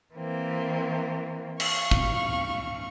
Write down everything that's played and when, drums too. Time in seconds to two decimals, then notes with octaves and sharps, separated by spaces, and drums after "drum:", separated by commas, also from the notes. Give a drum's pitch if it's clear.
0.15 E3 A#3 C4
1.60 F5 C#6, drum: cymbal
1.91 drum: kick